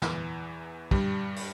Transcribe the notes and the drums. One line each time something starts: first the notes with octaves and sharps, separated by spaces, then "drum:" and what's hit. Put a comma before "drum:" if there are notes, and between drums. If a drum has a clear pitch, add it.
E2 E3, drum: snare
G2 G3, drum: kick
drum: open hi-hat